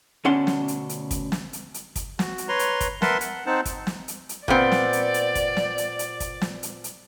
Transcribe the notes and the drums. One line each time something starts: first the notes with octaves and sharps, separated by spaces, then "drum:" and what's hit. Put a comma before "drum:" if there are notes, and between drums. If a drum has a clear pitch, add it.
D2 B2 C#4 D4 F#5 C6
drum: snare
drum: hi-hat
drum: hi-hat
drum: kick, hi-hat
drum: snare
drum: hi-hat
drum: hi-hat
drum: kick, hi-hat
F#4, drum: snare
drum: hi-hat
B4 C#5 A#5 C6
drum: hi-hat
drum: kick, hi-hat
A#4 B4 E5 F#5 A5 C6, drum: snare
F#5, drum: hi-hat
C4 D#4 C5 F#5 A5
drum: kick, hi-hat
drum: snare
drum: hi-hat
drum: hi-hat
A#2 B3 C4 D5, drum: kick
drum: snare
drum: hi-hat
drum: hi-hat
drum: kick, hi-hat
drum: snare
drum: hi-hat
drum: hi-hat
drum: kick, hi-hat
drum: snare
drum: hi-hat
drum: hi-hat